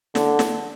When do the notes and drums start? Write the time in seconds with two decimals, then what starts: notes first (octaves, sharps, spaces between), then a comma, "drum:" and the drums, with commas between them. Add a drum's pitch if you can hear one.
0.15 D3, drum: snare
0.39 drum: snare